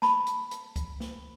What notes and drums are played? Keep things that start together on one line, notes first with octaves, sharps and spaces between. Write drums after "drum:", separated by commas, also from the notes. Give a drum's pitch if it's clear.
A5 B5, drum: snare A#3
drum: hi-hat
drum: hi-hat
drum: kick C#2, hi-hat
drum: snare A#3